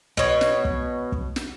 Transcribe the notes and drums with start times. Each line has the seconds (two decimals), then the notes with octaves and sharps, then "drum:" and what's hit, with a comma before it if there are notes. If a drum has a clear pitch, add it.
0.17 B2 C#5, drum: kick
0.41 drum: snare
0.65 drum: kick
1.12 drum: kick
1.36 drum: snare